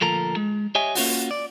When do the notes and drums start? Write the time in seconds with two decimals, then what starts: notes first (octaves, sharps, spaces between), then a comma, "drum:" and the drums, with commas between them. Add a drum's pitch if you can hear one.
0.01 D2 A#2 F3 A4 A#4 A#5
0.36 G#3
0.75 G4 C#5 D#5 E5 G#5
0.95 A#3 C#4 F4 F#4, drum: open hi-hat
1.31 D5